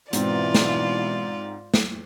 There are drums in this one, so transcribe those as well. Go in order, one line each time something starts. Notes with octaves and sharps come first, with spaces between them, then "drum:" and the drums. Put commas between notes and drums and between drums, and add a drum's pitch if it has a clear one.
G#2 B2 E3 C4 F4 D5, drum: hi-hat
drum: snare
drum: snare